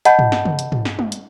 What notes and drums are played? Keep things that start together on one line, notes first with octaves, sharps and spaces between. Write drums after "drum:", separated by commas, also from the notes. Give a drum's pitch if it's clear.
D#5 F#5 A5 B5 G6, drum: hi-hat
drum: tom
drum: snare
drum: tom
drum: hi-hat
drum: tom
drum: snare
drum: tom
drum: hi-hat